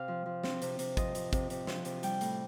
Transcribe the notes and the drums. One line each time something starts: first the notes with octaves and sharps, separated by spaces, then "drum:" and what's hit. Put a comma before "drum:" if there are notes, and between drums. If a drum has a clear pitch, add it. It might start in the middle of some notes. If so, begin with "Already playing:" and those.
Already playing: C3 F5
F3
F3
C4, drum: snare
C3, drum: hi-hat
C3, drum: hi-hat
F3 D#5, drum: kick, hi-hat
F3, drum: hi-hat
C3, drum: kick, hi-hat
C3, drum: hi-hat
F3, drum: snare
C3, drum: hi-hat
G3 G5, drum: hi-hat
A2, drum: hi-hat